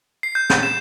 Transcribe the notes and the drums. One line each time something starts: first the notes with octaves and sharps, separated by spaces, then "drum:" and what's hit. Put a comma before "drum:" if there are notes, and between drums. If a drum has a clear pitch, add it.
C7
G6
G6, drum: snare
E7